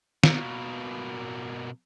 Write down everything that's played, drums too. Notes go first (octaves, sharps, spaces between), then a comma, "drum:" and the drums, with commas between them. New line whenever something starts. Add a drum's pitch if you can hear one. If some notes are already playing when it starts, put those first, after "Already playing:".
B2 A#3, drum: snare